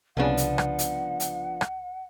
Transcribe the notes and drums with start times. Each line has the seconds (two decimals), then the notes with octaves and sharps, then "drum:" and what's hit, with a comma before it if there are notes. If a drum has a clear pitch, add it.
0.17 C2 C#3 F3 B3 D4 F#5
0.37 drum: hi-hat
0.58 drum: rim click
0.79 drum: hi-hat
1.20 drum: hi-hat
1.61 drum: rim click